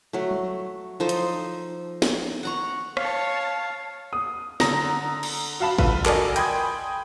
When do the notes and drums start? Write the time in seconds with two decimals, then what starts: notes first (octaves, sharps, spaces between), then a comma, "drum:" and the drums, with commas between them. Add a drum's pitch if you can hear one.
0.13 F#3 A3
0.31 drum: tom F#3
1.00 F3 D#4 A4 C5
1.09 drum: hi-hat
2.02 drum: snare
2.43 F#5 A#5 C#6
2.97 C#5 F5 A5, drum: rim click
4.13 D#6
4.60 D3 A#5 D#6 A#6, drum: snare
5.23 drum: cymbal
5.60 F#4 F5 A5 B5
5.78 D3 F4 B4, drum: kick A1
6.05 F#4 A4 A#4 D5 D#5 G#5, drum: clap
6.36 G5 G#5 B5 C6 D#6 G#6, drum: hi-hat